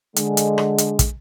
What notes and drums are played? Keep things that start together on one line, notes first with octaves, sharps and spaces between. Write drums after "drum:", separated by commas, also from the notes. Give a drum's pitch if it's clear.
D3 G#3, drum: hi-hat
drum: hi-hat
drum: rim click
drum: hi-hat
drum: kick, hi-hat